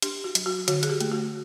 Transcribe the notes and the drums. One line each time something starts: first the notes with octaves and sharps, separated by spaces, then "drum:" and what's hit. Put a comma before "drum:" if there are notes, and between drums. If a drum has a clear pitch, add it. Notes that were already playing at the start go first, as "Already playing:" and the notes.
D4 G4, drum: hi-hat
F#4
F#3, drum: hi-hat
F#4
D3 F#4, drum: hi-hat
G#4, drum: hi-hat
G4
A3, drum: hi-hat
F#4